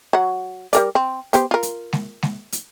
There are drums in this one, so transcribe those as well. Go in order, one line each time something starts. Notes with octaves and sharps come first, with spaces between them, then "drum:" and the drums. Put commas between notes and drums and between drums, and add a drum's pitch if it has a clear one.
F#3 F#5
G3 A#4 D5, drum: hi-hat
C4
B3 G4 C5, drum: hi-hat
F4 A#4
drum: hi-hat
drum: snare G#3
drum: snare G#3
drum: hi-hat